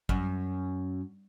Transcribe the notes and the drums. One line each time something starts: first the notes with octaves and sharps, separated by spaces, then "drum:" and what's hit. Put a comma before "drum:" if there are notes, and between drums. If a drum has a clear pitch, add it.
F#2, drum: kick